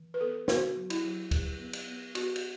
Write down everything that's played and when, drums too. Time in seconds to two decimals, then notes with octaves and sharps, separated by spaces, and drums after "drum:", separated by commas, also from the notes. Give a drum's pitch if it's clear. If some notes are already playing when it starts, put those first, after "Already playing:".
Already playing: E3
0.14 B4
0.21 B3 A4
0.48 B3 F#4, drum: snare
0.76 F#3
0.90 E4, drum: cymbal
1.04 F#3
1.31 F#3, drum: kick, cymbal
1.59 B3
1.73 drum: cymbal
1.87 B3
2.15 B3 F#4, drum: cymbal
2.36 drum: cymbal